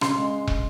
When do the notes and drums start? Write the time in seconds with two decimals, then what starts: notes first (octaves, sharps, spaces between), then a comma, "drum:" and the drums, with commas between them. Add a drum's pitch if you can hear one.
0.01 C#3 C6, drum: rim click
0.17 G#3
0.47 drum: kick